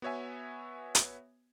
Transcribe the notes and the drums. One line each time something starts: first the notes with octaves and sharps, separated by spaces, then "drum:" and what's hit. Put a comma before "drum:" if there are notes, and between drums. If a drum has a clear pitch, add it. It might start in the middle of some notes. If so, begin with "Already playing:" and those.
B3 F#4 C#5 E5 G#5
drum: hi-hat